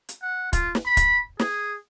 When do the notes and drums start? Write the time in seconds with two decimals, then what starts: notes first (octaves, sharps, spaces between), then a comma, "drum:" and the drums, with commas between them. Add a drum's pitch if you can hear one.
0.09 drum: hi-hat
0.23 F#5
0.53 F4, drum: kick, hi-hat
0.75 drum: snare
0.85 B5
0.97 drum: kick, hi-hat
1.39 G#4, drum: snare